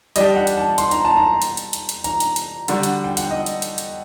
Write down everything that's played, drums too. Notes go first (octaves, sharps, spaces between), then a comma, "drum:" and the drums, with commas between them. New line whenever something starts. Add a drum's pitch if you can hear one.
G3 D4 G4 D#5, drum: hi-hat
F#5
drum: hi-hat
A5
C6, drum: hi-hat
A#5, drum: hi-hat
A5
A#5
drum: hi-hat
drum: hi-hat
drum: hi-hat
drum: hi-hat
A#5, drum: hi-hat
drum: hi-hat
drum: hi-hat
D3 G3 D4 F#4, drum: hi-hat
drum: hi-hat
G5
F#5, drum: hi-hat
D#5
drum: hi-hat
drum: hi-hat
drum: hi-hat